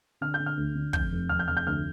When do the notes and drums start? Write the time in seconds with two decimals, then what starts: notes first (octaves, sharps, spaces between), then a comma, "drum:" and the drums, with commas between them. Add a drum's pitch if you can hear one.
0.21 D3 F6
0.34 G6
0.40 D3
0.46 F6
0.57 D2
0.75 D3
0.93 F1 G6, drum: kick
1.12 F1
1.29 F1 F6
1.39 G6
1.48 F1 F6
1.57 G6
1.66 D2 F6